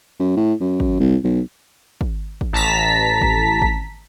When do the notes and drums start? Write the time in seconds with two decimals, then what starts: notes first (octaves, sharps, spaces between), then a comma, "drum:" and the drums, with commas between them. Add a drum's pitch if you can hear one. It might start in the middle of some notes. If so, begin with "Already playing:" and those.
0.20 F#2
0.37 A2
0.60 F#2
0.80 drum: kick
1.00 C2
1.24 B1
2.01 drum: kick
2.41 drum: kick
2.53 A1 A5 A#5 B6
3.22 drum: kick
3.62 drum: kick